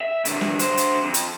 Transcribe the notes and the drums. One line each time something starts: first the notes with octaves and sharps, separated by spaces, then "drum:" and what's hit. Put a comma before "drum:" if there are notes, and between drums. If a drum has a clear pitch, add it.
E5
A#2 D3, drum: hi-hat
drum: snare
D3 C5, drum: hi-hat
drum: hi-hat
F2
drum: hi-hat